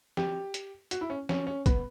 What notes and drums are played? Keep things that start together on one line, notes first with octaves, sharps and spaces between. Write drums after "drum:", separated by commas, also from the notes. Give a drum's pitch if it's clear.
G4, drum: snare
drum: hi-hat
F#4, drum: hi-hat
E4
C#4
C#4, drum: snare
C#4
B3, drum: kick, hi-hat